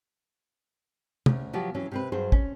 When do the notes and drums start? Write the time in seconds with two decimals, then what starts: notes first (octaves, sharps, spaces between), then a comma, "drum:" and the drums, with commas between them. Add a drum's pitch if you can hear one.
1.26 D2 C#4, drum: tom
1.53 F3 F#3 B3 G4
1.75 E3 F#3 C#4
1.92 C3 C4 B4
2.12 G2 F#3 G#4 C5
2.32 C#4, drum: kick